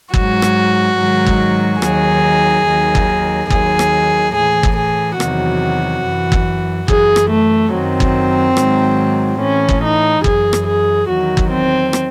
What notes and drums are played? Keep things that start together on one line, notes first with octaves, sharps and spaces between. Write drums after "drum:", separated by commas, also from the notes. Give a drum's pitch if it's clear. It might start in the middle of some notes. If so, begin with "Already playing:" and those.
G#2 F#3 F#4, drum: kick G1
drum: rim click
G#2 D#3 F#3
drum: kick G1
D#2 D#3 F#3 G#4, drum: rim click
D#2 D#3 F#3
drum: kick G1
D#2 D#3 F#3 G#4, drum: kick G1
drum: rim click
A2 E3 G#4
drum: kick G1
G#4
E2 C3 D#3 F#3 F#4, drum: rim click
F#2 E3
drum: kick G1
F#2 E3 G#4, drum: kick G1
drum: rim click
A3
F#2 D#3 F#3 C4
drum: kick G1
G#2 D#3 F#3, drum: rim click
A2 E3 C#4
drum: kick G1
D#4
F#2 E3 G#4, drum: kick G1
drum: rim click
G#4
E2 D#3 F#3 F#4
drum: kick G1
C4
drum: rim click